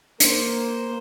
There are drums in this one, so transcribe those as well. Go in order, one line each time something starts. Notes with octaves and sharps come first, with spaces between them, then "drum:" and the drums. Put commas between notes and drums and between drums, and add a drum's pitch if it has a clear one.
A#3 C5, drum: hi-hat